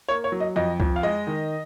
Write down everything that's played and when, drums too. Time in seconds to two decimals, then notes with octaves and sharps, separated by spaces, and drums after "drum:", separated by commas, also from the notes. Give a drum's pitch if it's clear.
0.09 A#3 C#5
0.24 C#5
0.32 F#3
0.40 D#5
0.56 F2 D#5
0.80 F2, drum: kick C#2
0.96 F5
1.03 G#3 D#5
1.27 D#3